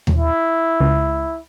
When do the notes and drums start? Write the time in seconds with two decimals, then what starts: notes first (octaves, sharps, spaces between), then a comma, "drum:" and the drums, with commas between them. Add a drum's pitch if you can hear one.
0.07 drum: tom D#2
0.17 E4
0.80 C#2